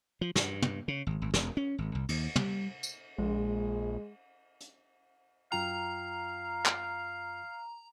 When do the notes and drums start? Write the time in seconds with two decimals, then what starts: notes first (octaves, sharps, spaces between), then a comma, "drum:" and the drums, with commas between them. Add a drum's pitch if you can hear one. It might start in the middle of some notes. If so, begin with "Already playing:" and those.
0.21 F3
0.35 G2, drum: snare
0.62 drum: tom
0.88 C#3
1.07 G#1
1.22 G#1
1.34 E1, drum: snare
1.57 C#4
1.78 G#1
1.95 C2
2.09 D#2, drum: cymbal
2.36 G3, drum: tom
2.83 drum: tambourine
3.18 A#1 G#3 G#4
4.61 drum: hi-hat
5.52 F#2 F4 F5 G5 A#5
6.66 drum: clap